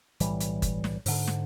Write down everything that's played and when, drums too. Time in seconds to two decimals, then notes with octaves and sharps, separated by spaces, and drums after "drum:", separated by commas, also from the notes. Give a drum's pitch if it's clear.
0.20 B1 A2 E3 G3, drum: hi-hat
0.40 drum: hi-hat
0.62 drum: kick G1, hi-hat
0.84 drum: snare
1.06 G#2 D3, drum: open hi-hat
1.28 drum: snare